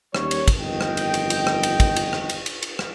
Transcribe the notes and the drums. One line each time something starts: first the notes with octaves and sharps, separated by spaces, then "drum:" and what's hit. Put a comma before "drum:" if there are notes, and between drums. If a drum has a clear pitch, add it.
D#2 G3 C#4 C#5, drum: rim click
drum: cymbal
drum: kick, cymbal
G1 F2 D#3 D#5 G5
drum: rim click
drum: cymbal
drum: cymbal
drum: cymbal
drum: rim click
drum: cymbal
drum: kick, cymbal
drum: cymbal
drum: rim click
drum: cymbal
drum: cymbal
drum: cymbal
drum: rim click